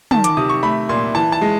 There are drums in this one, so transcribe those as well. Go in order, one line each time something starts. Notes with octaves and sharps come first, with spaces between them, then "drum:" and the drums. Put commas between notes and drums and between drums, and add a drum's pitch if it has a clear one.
D#3 A5, drum: tom
D6, drum: hi-hat
C3 D#6
C#6
A3 B5
A#2 C6
E3 A5
A5
G#3